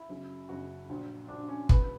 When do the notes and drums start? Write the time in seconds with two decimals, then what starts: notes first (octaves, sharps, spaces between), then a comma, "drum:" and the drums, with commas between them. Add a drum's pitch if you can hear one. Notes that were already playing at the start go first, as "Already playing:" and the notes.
Already playing: E4
0.09 F#1 F#2 C#3 F#3
0.49 F#1 F#2 C#3 F#3 F#4
0.89 A#1 A#2 F#3
1.28 A#1 A#2 F#3 D4
1.48 C#4
1.69 E1 E2 C#3 F#3 B3, drum: kick